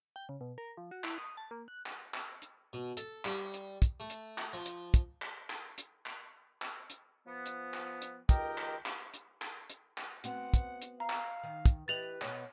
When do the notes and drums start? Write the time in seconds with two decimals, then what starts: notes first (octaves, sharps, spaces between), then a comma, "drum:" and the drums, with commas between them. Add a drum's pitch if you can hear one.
0.16 G5
0.29 C#3
0.41 B2
0.58 A#4
0.77 F3
0.91 F#4
1.04 E4, drum: clap
1.18 D#6
1.37 A5
1.51 A#3
1.68 F#6
1.86 drum: clap
2.14 drum: clap
2.42 drum: hi-hat
2.73 B2
2.97 A4, drum: hi-hat
3.25 G3, drum: clap
3.54 drum: hi-hat
3.82 drum: kick, hi-hat
4.00 A3
4.10 drum: hi-hat
4.38 drum: clap
4.53 F3
4.66 drum: hi-hat
4.94 drum: kick, hi-hat
5.22 drum: clap
5.50 drum: clap
5.78 drum: hi-hat
6.06 drum: clap
6.62 drum: clap
6.90 drum: hi-hat
7.26 F3 B3
7.46 drum: hi-hat
7.74 drum: clap
8.02 drum: hi-hat
8.29 C#2 D#3 G4 A#4 D#5 G5, drum: kick, hi-hat
8.58 drum: clap
8.86 drum: clap
9.14 drum: hi-hat
9.42 drum: clap
9.70 drum: hi-hat
9.98 drum: clap
10.24 B3 C4 F#4 F#5, drum: hi-hat
10.54 drum: kick, hi-hat
10.82 drum: hi-hat
11.00 F5 A#5
11.10 drum: clap
11.43 D#3
11.66 drum: kick, hi-hat
11.88 E3 G4 B4 D#5 A6 F7 F#7
12.21 B2 B3 C#5 D#5, drum: clap